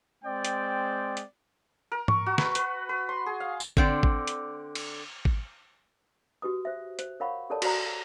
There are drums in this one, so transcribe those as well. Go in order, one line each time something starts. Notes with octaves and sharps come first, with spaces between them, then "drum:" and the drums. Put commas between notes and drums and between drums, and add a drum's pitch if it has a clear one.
G#3 C4 D5 G5
drum: hi-hat
drum: hi-hat
A#4
C#6, drum: tom G#2
F#4
B4, drum: snare
B4, drum: hi-hat
B4
C6
G#4
F5
drum: tambourine
D3 C4 D5, drum: kick G#1
drum: kick G#1
drum: hi-hat
drum: cymbal
drum: kick G#1
F#4 G4 B4 D#6
C5 E5
C5, drum: hi-hat
A#4 C#5 F5 F#5 B5 C#6
G4 A4 A#4 C#5 D5 A5
F#4 C5 D5 A#5, drum: cymbal